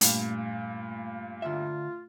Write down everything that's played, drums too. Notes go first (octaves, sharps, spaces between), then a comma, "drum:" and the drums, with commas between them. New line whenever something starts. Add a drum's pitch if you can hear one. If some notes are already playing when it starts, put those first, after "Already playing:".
G2 A#2 A3, drum: hi-hat
D3 F4 E5